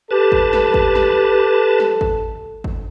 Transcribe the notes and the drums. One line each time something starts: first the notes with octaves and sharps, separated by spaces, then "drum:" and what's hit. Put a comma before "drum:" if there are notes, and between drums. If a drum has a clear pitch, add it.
G4 A4 B4 A5
drum: kick G#1
drum: snare
drum: kick G#1
drum: snare
drum: snare
drum: kick G#1
drum: kick G#1